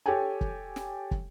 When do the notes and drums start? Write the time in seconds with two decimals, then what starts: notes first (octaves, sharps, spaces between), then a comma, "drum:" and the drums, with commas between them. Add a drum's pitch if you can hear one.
0.06 G4 A4 C#5 G5 G#5
0.41 drum: kick
0.76 drum: snare
1.11 drum: kick